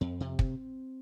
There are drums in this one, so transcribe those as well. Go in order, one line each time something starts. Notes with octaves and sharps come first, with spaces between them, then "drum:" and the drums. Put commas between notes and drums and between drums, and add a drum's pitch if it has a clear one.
F2 C4
C3
drum: kick